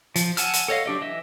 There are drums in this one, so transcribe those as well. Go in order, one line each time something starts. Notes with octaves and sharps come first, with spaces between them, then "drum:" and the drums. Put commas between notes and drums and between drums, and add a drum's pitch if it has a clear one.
F3, drum: hi-hat
F#5 G#5 A5 E6 F6, drum: hi-hat
drum: hi-hat
A4 C#5 D#5 F5
F#3 D4 G4 D#5
E3 D#5 E5